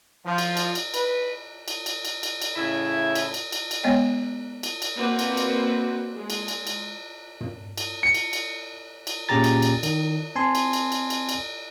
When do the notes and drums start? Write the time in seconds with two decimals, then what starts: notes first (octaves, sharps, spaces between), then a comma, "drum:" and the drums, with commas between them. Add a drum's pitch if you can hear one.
0.25 F3
0.38 drum: cymbal
0.57 drum: cymbal
0.75 drum: cymbal
0.94 B4, drum: cymbal
1.68 drum: cymbal
1.86 drum: cymbal
2.05 drum: cymbal
2.23 drum: cymbal
2.42 drum: cymbal
2.56 A2 C#3 E4
3.15 drum: cymbal
3.34 drum: cymbal
3.52 drum: cymbal
3.71 drum: cymbal
3.83 G#3 B3 C#5 D#5 G5
4.63 drum: cymbal
4.82 drum: cymbal
4.96 A#3 C4 F#4 B4
5.19 drum: cymbal
5.37 drum: cymbal
6.14 G#3
6.30 drum: cymbal
6.48 drum: cymbal
6.67 drum: cymbal
7.41 drum: tom
7.78 drum: cymbal
8.03 C#7
8.14 drum: cymbal
8.33 drum: cymbal
9.07 drum: cymbal
9.29 A#2 C#4 G4 G#4 A#5 A6
9.44 drum: cymbal
9.62 drum: cymbal
9.83 D#3, drum: cymbal
10.36 C4 G#5 A5 C6
10.55 drum: cymbal
10.73 drum: cymbal
10.92 drum: cymbal
11.10 drum: cymbal
11.29 drum: cymbal